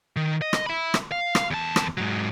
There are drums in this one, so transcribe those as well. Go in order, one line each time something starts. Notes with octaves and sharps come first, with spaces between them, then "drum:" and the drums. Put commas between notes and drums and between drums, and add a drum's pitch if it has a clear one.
D#3
D#5
drum: rim click
E5 B5
drum: rim click
F5
drum: rim click
E2 A5
drum: rim click
G#2 F#3